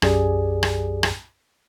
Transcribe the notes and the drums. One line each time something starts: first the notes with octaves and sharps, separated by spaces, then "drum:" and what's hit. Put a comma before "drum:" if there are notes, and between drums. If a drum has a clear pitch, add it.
B1 F#2 G4 G#4 D5 G#5, drum: rim click
drum: rim click
drum: rim click